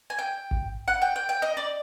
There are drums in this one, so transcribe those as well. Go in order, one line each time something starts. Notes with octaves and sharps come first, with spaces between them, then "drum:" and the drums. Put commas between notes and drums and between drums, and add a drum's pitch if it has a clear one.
G#5
G5
drum: kick G#1
F#5
G5
G5
G5
D#5
D5